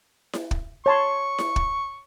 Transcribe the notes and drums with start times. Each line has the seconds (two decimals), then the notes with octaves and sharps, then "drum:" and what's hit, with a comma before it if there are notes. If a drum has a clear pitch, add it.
0.33 drum: snare E4
0.51 drum: kick
0.86 C#5 A5 C6 C#6
1.38 drum: snare E4
1.56 drum: kick